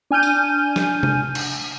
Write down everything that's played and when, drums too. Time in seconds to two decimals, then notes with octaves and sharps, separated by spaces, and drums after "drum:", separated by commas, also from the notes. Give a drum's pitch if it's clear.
0.11 D4 G#5 F6 G6 D#7
0.23 drum: tambourine
0.76 drum: snare
1.03 drum: tom C3
1.35 drum: cymbal